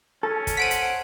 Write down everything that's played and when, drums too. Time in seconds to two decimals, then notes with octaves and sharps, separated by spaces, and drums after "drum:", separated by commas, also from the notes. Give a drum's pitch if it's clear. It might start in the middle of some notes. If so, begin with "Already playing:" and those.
0.23 C#4 A4
0.47 drum: kick, hi-hat
0.57 C5 F#5 B6 D7 D#7
0.71 drum: hi-hat